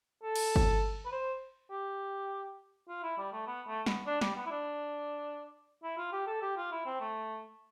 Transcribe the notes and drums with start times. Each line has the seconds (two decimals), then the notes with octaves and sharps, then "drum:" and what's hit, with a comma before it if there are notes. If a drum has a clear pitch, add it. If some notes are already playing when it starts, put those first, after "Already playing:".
0.23 A4
0.36 drum: cymbal
0.56 drum: kick G1
1.05 B4
1.12 C5
1.71 G4
2.89 F4
3.03 E4
3.18 G3
3.32 A3
3.47 B3
3.67 A3
3.86 B3, drum: snare
4.06 D4
4.21 G3, drum: snare
4.36 B3
4.46 E4
4.51 D4
5.83 E4
5.97 F4
6.12 G4
6.27 A4
6.42 G4
6.57 F4
6.72 E4
6.86 C4
7.00 A3